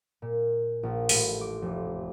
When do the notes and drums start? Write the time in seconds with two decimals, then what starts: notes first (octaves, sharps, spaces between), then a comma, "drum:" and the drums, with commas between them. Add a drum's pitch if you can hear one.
0.22 A#2
0.83 A#1
1.09 A1, drum: open hi-hat
1.41 D6
1.62 F1